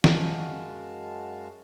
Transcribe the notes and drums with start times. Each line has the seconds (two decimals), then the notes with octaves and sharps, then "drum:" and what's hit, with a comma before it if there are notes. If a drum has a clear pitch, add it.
0.04 F#2 G#3 F#4 F5 A5, drum: snare